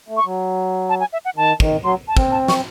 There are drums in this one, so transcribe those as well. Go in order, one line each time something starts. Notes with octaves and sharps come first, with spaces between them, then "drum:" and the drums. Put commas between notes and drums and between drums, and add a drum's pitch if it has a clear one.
A3
C#6
F#3
A5
G#5
E5
F#5
D#3 A5
D#3, drum: kick
F#3 C6
A5
C4, drum: kick
A5
C#6, drum: snare